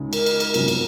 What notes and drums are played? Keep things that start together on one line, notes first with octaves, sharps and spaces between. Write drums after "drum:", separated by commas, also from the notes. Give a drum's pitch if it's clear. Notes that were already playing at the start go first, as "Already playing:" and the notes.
Already playing: C#2 C#3 G#3 D#4
A#4, drum: cymbal
drum: cymbal
drum: cymbal
G#1 F#2 C#3 F3 B3, drum: cymbal
drum: cymbal